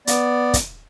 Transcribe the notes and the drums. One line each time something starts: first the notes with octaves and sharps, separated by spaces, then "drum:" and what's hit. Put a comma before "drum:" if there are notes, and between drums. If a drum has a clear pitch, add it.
B3 D5, drum: hi-hat
drum: kick, hi-hat